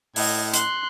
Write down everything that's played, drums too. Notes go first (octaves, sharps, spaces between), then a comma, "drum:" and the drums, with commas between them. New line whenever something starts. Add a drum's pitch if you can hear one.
A2 D#5 G#6, drum: open hi-hat
C6 F#6, drum: hi-hat